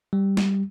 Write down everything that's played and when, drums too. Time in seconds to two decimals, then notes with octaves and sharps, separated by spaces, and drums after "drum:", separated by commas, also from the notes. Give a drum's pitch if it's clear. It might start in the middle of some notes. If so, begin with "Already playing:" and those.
0.13 G3
0.37 drum: snare